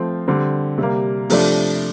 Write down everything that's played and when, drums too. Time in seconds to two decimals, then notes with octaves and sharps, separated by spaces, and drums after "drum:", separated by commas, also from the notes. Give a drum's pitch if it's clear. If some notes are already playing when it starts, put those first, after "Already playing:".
Already playing: F3 A3 C4
0.28 D3 G3 C4
0.78 C3 G3 A#3
1.30 C3 F3 A3 D4, drum: open hi-hat